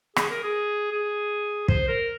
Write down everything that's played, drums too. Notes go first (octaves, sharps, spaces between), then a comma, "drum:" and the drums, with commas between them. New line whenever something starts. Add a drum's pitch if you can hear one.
G#4, drum: rim click
A#4
G#4
G#4
C5, drum: kick
A#4